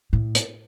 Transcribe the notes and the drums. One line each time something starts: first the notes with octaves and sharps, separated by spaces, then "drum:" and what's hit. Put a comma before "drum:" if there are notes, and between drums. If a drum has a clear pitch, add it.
A2
drum: hi-hat